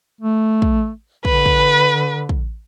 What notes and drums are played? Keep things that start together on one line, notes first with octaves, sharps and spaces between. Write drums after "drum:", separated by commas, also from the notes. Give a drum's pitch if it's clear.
A3
drum: kick
D3 B4, drum: kick
drum: kick
drum: kick